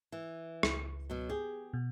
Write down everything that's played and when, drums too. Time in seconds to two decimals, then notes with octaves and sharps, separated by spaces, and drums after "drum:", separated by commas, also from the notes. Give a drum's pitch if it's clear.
0.12 E3
0.63 C#2, drum: rim click
1.10 B2 F#3
1.29 G4 G#4
1.73 B2